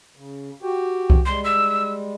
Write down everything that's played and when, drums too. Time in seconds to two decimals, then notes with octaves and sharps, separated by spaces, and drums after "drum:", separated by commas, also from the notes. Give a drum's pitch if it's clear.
0.16 C#3
0.62 F#4 G4 G5
1.10 drum: kick C2
1.26 G3 G#3 C6
1.44 E6